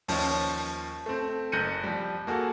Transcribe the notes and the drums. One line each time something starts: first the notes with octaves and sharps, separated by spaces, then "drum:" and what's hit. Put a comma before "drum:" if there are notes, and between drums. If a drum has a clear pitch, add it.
D#2 F3 C#4 A5, drum: open hi-hat
A3 C4
F#1 F#6 G6 A#6 C#7 D#7
F3 G3
A#3 F#4 G#4 A4